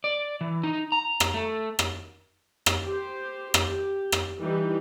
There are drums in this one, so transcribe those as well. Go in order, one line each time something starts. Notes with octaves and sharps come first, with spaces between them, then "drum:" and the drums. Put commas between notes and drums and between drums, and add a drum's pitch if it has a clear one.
D5
E3
D#4
A#5
drum: rim click
A3
drum: rim click
drum: rim click
G4 C5
G4, drum: rim click
drum: rim click
E3 G3 D#4 G4